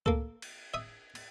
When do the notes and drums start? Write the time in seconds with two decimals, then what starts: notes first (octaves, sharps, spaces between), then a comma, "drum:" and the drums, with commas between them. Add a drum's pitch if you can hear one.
0.06 A#3 A4, drum: kick C#2
0.42 drum: cymbal
0.74 E5 D#6
1.15 drum: cymbal